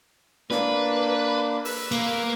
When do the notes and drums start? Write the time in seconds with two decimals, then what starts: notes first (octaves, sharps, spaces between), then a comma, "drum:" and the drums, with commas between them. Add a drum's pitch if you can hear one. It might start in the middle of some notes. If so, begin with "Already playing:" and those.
0.51 A#3 D4 B4, drum: snare
1.65 B4 E6, drum: open hi-hat
1.92 A#3, drum: cymbal